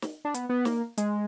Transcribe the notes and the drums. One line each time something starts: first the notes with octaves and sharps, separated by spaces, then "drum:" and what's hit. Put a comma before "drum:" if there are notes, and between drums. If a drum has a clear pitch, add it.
drum: snare
D4
B3, drum: hi-hat
B3
A#3, drum: snare
G#3, drum: hi-hat